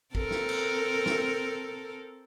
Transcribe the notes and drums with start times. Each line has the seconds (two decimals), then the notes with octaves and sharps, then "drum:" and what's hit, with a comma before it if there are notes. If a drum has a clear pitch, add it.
0.15 C4 A4 A#4, drum: kick
0.31 drum: snare
0.49 drum: cymbal
1.06 drum: snare